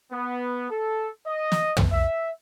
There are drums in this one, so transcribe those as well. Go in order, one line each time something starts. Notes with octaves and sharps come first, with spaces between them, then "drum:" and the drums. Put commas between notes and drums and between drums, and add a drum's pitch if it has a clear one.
B3
A4
D#5
drum: snare
drum: tom
E5